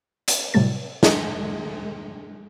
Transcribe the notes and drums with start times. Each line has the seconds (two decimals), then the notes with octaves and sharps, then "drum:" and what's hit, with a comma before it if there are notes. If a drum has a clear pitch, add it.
0.28 drum: hi-hat
0.54 A2 C3 F#3 G3 A3 A6
1.03 drum: snare